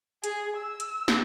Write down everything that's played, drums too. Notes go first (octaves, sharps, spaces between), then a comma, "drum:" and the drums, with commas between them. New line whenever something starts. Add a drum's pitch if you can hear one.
G#4, drum: hi-hat
E6
drum: hi-hat
drum: snare